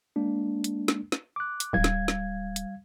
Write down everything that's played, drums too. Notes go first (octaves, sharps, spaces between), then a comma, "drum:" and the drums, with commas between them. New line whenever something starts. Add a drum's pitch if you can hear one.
G#3 A#3 D4
drum: hi-hat
drum: snare
drum: snare
D6 F#6
drum: hi-hat
D1 G3 F5 G#6
drum: snare
drum: snare
drum: hi-hat